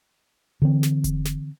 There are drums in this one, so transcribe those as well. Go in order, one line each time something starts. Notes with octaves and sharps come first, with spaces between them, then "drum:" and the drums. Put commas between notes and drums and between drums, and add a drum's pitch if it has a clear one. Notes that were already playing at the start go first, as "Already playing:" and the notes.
D3 E3 C4
drum: snare
drum: kick F1, hi-hat
drum: snare